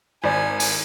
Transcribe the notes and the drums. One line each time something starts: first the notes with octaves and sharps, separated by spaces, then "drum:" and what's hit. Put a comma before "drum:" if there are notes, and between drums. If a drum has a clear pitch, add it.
G#1 D5 G#5
drum: open hi-hat